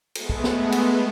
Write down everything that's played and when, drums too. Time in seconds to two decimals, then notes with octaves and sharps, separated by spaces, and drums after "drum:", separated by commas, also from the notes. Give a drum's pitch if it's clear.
0.15 G#3 A3 B3, drum: cymbal
0.30 drum: kick
0.44 drum: snare
0.72 drum: cymbal